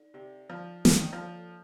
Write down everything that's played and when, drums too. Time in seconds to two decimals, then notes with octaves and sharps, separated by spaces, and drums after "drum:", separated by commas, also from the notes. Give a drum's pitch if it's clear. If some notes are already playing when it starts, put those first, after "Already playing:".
Already playing: D#4 A4 D5
0.14 C3 D5
0.49 F3 D5
0.85 F3 A#3, drum: snare
0.99 D#3
1.13 F3
1.21 A4